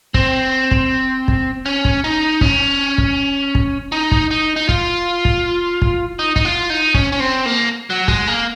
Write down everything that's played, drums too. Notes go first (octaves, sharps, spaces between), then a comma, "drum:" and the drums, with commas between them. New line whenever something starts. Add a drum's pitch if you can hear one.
C4, drum: kick
drum: kick
drum: kick
C#4
drum: kick
D#4
C#4, drum: kick
drum: kick
drum: kick
D#4
drum: kick
D#4
D#4
F4, drum: kick
drum: kick
drum: kick
D#4
D#4, drum: kick
F4
D#4
C#4, drum: kick
C#4
C4
A#3
F#3
G#3, drum: kick
A#3